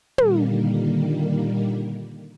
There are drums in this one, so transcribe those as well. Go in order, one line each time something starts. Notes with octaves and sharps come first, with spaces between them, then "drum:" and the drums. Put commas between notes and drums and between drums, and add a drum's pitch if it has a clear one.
A#2 D3 D#3 G3 A#3, drum: tom